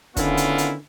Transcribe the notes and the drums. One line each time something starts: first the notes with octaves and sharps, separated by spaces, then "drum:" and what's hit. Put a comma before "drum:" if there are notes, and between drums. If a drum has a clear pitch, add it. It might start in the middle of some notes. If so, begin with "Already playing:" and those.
D3 D#3 B3 C#4 E4 F4, drum: kick, hi-hat
drum: hi-hat
drum: hi-hat